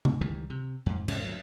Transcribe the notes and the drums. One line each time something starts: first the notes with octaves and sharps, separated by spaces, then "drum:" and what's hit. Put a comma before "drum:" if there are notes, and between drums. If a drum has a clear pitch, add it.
drum: tom C#3
C#2 D#3 E3 G3
C3
F2 G#2
E2 G#2 C3 C#4, drum: cymbal
D2 F#3